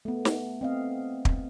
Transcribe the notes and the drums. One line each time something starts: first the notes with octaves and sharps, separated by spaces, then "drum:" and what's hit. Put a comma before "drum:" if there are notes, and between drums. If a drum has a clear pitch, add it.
A3 B3
drum: snare
C4 D#5 F5
drum: kick